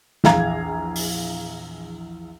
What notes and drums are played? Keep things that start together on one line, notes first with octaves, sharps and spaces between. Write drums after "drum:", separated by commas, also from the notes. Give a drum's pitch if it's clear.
A#1 E2 G#4 F5 A#5 G#6, drum: snare
drum: open hi-hat